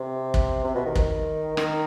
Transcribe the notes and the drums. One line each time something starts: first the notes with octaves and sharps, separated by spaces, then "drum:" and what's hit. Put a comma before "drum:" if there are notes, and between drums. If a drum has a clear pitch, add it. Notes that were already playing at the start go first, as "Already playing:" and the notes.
Already playing: C3
drum: kick
C3
B2
D#3
drum: kick
D#3, drum: rim click